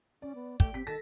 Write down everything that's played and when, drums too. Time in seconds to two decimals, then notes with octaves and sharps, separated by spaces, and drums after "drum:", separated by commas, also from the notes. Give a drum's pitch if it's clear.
0.22 C#4 D5
0.35 B3
0.60 A3 G5, drum: kick
0.74 C4 G4 B6
0.87 D#3 A4 A5 A#6